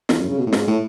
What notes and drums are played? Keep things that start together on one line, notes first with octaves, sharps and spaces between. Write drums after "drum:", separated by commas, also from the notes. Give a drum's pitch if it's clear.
E2, drum: snare
F#2
C#3
B2
A2
G#2, drum: snare
A2